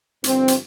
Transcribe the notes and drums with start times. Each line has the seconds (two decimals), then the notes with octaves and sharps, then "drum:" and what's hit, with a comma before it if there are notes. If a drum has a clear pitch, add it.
0.24 G2 D3 F3 C4, drum: hi-hat
0.48 drum: hi-hat